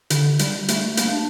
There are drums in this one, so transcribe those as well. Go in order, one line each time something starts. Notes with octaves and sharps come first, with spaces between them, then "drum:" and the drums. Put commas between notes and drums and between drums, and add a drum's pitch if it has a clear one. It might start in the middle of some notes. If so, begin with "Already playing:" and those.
D3, drum: hi-hat
G3, drum: hi-hat
A3, drum: hi-hat
A#3, drum: hi-hat
D4